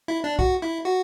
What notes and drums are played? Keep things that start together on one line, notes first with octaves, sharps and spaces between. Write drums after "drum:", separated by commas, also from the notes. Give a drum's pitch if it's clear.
E4
D4
F#4, drum: kick
E4
F#4